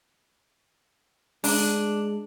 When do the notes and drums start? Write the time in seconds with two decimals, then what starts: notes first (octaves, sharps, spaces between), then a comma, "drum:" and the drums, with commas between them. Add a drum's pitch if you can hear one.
1.44 G#3 D4, drum: open hi-hat